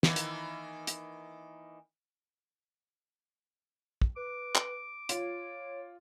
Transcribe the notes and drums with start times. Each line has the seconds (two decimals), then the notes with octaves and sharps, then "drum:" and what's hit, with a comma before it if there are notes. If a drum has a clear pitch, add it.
0.03 D#3 E3 A#3, drum: snare
0.16 drum: hi-hat
0.87 drum: hi-hat
4.02 drum: kick
4.16 B4 D6
4.55 drum: clap
5.09 F4 C#5, drum: hi-hat